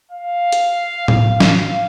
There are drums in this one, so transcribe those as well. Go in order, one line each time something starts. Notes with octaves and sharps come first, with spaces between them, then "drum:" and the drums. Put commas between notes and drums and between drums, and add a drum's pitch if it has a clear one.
F5
drum: hi-hat
F5, drum: tom A2
F5, drum: snare